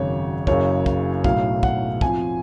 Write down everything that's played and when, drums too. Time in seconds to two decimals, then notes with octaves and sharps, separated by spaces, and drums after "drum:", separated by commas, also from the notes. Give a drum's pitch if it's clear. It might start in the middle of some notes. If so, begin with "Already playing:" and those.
Already playing: G#1 F#2 C#3 C#5
0.47 F#1 F#2 C#3 C#5, drum: kick
0.86 drum: kick
1.24 B1 A2 F#3 F5, drum: kick
1.63 F#5, drum: kick
2.01 F2 F3 G#5, drum: kick